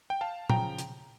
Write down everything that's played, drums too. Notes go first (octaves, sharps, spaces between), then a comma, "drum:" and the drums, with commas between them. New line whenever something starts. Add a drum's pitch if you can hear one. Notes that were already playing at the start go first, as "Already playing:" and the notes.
G5
F5 A5
C#3 F3 G5 A#5, drum: tom
drum: hi-hat